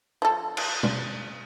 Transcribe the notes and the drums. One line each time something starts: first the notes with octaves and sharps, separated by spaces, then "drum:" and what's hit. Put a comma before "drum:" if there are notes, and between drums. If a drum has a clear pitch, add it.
F3 A4
drum: cymbal
drum: tom